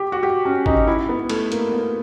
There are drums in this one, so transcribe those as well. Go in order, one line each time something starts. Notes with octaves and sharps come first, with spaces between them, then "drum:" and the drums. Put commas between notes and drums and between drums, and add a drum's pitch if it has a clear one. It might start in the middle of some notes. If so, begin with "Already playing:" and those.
Already playing: G4
F#4
G4
C#4
D#4, drum: kick G#1
E4
B3
A3, drum: cymbal
A#3, drum: hi-hat
B3